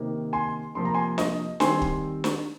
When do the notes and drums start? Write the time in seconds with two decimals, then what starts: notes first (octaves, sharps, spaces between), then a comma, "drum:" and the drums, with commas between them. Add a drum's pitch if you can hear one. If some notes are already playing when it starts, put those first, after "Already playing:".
Already playing: C3 D#3 A#3 D#4
0.33 G#5 C6
0.75 C3 F3 A#3 C6
0.85 A#5
0.94 G#5 C6
1.18 D#5, drum: snare
1.60 D#3 G3 C4 G#5 C6, drum: snare
1.81 drum: kick
2.24 drum: snare